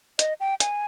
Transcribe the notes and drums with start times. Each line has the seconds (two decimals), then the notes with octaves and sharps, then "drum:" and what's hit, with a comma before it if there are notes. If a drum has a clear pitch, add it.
0.19 D#5, drum: hi-hat
0.40 G5
0.60 G#5, drum: hi-hat